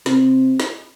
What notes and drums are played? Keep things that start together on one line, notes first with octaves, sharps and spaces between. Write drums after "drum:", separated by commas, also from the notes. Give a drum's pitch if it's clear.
C3, drum: snare
drum: snare